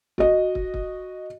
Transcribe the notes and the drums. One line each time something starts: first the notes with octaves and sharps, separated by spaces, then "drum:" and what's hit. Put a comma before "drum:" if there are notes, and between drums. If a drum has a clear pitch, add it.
F#4 D#5, drum: kick
drum: kick
drum: kick